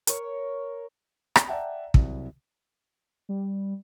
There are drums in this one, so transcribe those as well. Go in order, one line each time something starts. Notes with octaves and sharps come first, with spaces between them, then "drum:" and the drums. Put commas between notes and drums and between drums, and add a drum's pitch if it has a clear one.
A#4 C#5, drum: hi-hat
drum: rim click
D5 E5 F#5 G5 A5 A#5
C2 F#3, drum: kick
G3